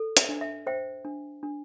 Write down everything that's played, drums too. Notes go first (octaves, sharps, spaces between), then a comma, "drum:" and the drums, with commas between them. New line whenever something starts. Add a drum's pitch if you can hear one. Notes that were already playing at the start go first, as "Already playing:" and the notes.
Already playing: A4
E5, drum: hi-hat
D4
E5
C5 E5 G5
D4
D4